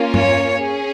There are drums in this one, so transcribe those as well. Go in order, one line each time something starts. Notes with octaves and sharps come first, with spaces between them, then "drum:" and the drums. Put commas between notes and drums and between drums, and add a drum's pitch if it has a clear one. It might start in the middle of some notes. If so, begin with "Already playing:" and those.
Already playing: A#3 C#4 F4
C#5, drum: tom G2
C#4 G#4